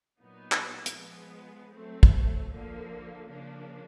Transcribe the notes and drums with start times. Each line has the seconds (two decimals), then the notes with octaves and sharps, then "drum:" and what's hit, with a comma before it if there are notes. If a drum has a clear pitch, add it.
0.20 A#2 F#3 B3 D#4
0.52 drum: clap
0.86 drum: hi-hat
0.96 F3 G#3 B3
1.73 F#3 A3 C4
2.03 drum: kick
2.50 D3 F3 A#3
3.26 C#3 F3 A#3 D4